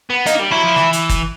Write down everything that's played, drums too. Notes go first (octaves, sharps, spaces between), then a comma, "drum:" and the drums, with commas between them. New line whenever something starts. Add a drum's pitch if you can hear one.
B3
A#3 D#4, drum: hi-hat
G3
F#3 E4
F3
E3, drum: snare
drum: hi-hat
drum: kick, hi-hat